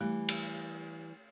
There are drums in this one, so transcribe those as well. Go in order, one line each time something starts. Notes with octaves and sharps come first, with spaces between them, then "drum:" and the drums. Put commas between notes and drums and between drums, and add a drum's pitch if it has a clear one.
E3 G3 A3
drum: cymbal